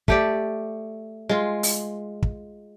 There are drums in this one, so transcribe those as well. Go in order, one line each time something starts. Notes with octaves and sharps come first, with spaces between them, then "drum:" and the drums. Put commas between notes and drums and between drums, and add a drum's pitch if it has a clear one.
A3 G4 D5, drum: kick
G#3 F4
drum: open hi-hat
drum: kick